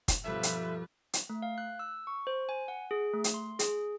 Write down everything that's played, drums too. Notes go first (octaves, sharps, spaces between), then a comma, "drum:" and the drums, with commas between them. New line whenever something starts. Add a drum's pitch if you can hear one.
drum: kick, hi-hat
G2 B2 F3 G3 A4 B4 E5
drum: hi-hat
drum: hi-hat
A3
F5
F#6
E6
C#6
C5
G#5
F#5
G#4
A3
drum: hi-hat
C6
G#4, drum: hi-hat